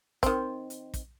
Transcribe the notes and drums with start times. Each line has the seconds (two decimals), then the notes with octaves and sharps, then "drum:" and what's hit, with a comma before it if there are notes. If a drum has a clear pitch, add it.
0.23 D#3 C4, drum: kick, hi-hat
0.70 drum: hi-hat
0.94 drum: kick, hi-hat